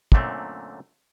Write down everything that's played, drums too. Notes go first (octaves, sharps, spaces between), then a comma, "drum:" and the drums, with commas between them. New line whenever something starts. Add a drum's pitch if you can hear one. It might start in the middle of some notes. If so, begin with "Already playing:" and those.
F#2 A#2 D3 A3 C4, drum: kick